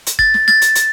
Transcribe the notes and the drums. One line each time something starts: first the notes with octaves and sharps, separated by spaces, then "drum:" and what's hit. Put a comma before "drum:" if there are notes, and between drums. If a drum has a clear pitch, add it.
drum: hi-hat
A6, drum: kick F#1
drum: snare
A6, drum: snare
drum: hi-hat
drum: hi-hat